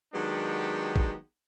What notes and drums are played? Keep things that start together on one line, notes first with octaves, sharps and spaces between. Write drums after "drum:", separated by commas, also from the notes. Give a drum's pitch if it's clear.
D#3 F#3 G#3 B3 D4 G4
drum: kick